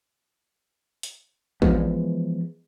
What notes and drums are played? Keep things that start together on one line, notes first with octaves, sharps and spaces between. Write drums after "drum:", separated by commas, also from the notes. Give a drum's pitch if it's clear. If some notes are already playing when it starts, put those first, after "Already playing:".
drum: hi-hat
E3 F3 G#3 B3, drum: kick G#1